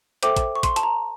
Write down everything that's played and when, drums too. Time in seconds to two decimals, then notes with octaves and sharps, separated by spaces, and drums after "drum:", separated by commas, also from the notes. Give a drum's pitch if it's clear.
0.23 A4 C5 E5 G5 D6, drum: hi-hat
0.37 drum: kick, hi-hat
0.56 C#6
0.63 C6, drum: kick, hi-hat
0.76 A5, drum: hi-hat
0.83 A#5